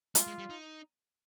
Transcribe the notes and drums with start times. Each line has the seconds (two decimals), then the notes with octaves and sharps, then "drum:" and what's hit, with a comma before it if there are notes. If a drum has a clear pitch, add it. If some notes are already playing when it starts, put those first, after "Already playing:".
0.15 G#3 F4, drum: hi-hat
0.27 G#3
0.39 G3
0.50 D#4